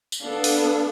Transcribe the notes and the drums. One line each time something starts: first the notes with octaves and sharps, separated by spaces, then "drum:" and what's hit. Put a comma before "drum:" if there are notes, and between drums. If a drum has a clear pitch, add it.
drum: tambourine
B3 D4 A4 F5
drum: open hi-hat